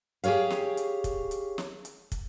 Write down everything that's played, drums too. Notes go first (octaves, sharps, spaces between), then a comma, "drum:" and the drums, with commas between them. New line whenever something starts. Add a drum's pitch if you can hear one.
G4 G#4 A#4 C#5 F5, drum: hi-hat
drum: snare
drum: hi-hat
drum: kick, hi-hat
drum: hi-hat
drum: snare
drum: hi-hat
drum: kick, hi-hat